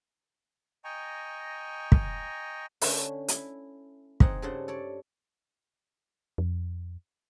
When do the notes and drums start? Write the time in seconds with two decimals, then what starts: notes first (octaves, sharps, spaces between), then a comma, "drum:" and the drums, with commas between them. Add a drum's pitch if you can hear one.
0.84 D#5 G5 G#5 A#5 C#6
1.92 drum: kick
2.81 D3 A3 C#4, drum: open hi-hat
3.28 E4, drum: hi-hat
4.20 C4 D#4 G#4 F#5, drum: kick
4.42 G2 C#3 A4 C5 F#5
4.68 A4 C#5 D5
6.38 F2